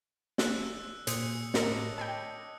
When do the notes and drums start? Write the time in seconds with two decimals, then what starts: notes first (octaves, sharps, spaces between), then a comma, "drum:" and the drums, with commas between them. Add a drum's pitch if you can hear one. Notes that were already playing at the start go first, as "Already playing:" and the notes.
0.38 E6 F#6, drum: snare
1.07 A#2 F#4 G#4 C5 D#6 C#7, drum: hi-hat
1.54 A2 D3 D4 A#4 C#5 D#5, drum: snare
1.98 G5 A5 B5 G#6